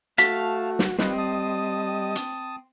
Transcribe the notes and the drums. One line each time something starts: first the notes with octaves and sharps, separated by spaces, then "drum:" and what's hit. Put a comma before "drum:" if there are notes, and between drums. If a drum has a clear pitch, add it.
A3 F#4 F5 A5 B6, drum: hi-hat
drum: snare
G3 C4 F4 B4 D#5, drum: snare
A5 D#6
drum: hi-hat